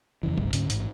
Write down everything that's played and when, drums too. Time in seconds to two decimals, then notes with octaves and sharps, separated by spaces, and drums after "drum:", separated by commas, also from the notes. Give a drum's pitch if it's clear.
0.23 F2 C#3 E3
0.38 D1 G#1 C#2 G#2, drum: tom
0.53 D2 G#2 D3 C#4, drum: hi-hat
0.70 A1 G#2, drum: hi-hat